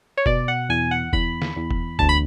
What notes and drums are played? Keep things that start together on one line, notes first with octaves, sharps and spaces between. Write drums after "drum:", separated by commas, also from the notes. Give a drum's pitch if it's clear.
C#5
B2 D5, drum: kick E1
F#5
E2 G#5
F#5
E2 B5, drum: kick E1
drum: snare
E2
drum: kick E1
D2 A5, drum: kick E1
B5